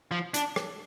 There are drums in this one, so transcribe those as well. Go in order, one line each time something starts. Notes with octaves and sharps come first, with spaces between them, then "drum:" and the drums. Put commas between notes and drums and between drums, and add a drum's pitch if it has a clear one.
F3
D4, drum: hi-hat
drum: rim click